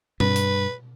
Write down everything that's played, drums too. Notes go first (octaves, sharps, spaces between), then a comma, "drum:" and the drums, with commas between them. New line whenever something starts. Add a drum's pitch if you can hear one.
G2 B4, drum: tom B2
drum: hi-hat